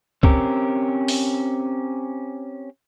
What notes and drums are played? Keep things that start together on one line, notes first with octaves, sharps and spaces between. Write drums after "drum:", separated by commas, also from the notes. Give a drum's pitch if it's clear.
C4 C#4 G4 A#4, drum: kick
drum: open hi-hat